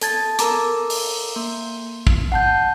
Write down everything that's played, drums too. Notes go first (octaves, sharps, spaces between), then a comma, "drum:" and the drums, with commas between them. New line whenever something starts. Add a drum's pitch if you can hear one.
A4 A5 G#6 A6, drum: hi-hat
A4 A#4 A#5 D6, drum: hi-hat
drum: open hi-hat
A#3
drum: kick
F#5 A5 G6